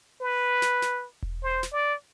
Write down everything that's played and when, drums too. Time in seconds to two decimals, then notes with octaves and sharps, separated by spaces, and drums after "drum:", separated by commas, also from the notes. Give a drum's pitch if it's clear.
0.21 B4
0.62 drum: snare
0.82 drum: snare
1.22 drum: kick E1
1.43 C5
1.63 drum: snare
1.72 D5